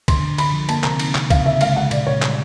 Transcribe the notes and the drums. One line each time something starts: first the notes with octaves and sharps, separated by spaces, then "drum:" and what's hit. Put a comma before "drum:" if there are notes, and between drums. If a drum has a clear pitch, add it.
D3 C6, drum: kick, cymbal
D3
D3 B5, drum: cymbal
F3
A#3 A5, drum: cymbal
C3 A#5, drum: clap
D#4, drum: cymbal
C3, drum: clap
C#3 F5, drum: kick, cymbal
C#3 E5
G#3 F5, drum: cymbal
G#3 F#5
A#2 D5, drum: cymbal
A#2 C#5
G3, drum: clap